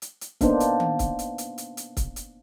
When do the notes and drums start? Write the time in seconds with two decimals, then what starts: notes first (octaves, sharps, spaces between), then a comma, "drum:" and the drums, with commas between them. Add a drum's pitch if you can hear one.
0.02 drum: hi-hat
0.21 drum: hi-hat
0.41 A#3 B3 D4 D#4 C5, drum: kick, hi-hat
0.60 drum: hi-hat
0.80 drum: tom D#3
0.99 drum: kick, hi-hat
1.19 drum: hi-hat
1.38 drum: hi-hat
1.58 drum: hi-hat
1.77 drum: hi-hat
1.97 drum: kick, hi-hat
2.16 drum: hi-hat